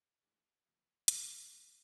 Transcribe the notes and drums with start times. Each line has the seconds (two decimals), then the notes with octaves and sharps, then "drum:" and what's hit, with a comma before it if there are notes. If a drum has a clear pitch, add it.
0.23 G#2 E3 A3 D4 G4
0.65 D2 C3 F3 A#3
1.08 C#3 E3 G3 B3, drum: hi-hat
1.51 E2 C3 E3 G3 A#3